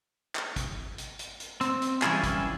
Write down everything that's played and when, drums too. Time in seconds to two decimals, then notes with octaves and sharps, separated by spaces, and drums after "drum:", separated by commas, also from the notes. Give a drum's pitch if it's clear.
0.35 drum: clap
0.56 drum: kick, hi-hat
0.98 drum: hi-hat
1.19 drum: hi-hat
1.40 drum: hi-hat
1.61 C4, drum: hi-hat
1.82 drum: hi-hat
2.02 E3 G3 C#4 E4 F4 G#4, drum: clap
2.24 drum: kick, hi-hat